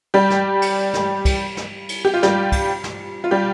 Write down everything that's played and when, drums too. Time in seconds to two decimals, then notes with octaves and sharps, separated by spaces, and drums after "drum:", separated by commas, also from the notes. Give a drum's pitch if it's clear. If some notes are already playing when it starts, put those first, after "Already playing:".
0.14 G3 G4
0.30 drum: snare
0.62 drum: cymbal
0.94 drum: snare
1.25 drum: kick, cymbal
1.57 drum: snare
1.89 drum: cymbal
2.05 G4
2.14 F4
2.23 G3 G4, drum: snare
2.52 drum: kick, cymbal
2.84 drum: snare
3.24 F4
3.31 G3 G4